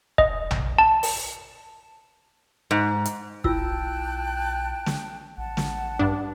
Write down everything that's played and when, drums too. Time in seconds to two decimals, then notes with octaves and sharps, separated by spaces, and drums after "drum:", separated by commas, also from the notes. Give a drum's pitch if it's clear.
0.18 D#5, drum: kick
0.51 drum: tom A#1
0.78 A5
1.03 drum: open hi-hat
2.71 G#2
3.05 drum: hi-hat
3.44 B1 E4 F4 G5 A5 E6 F#6, drum: kick
4.86 drum: snare
5.37 A1 F#5 A5
5.57 drum: snare
5.99 G2 D4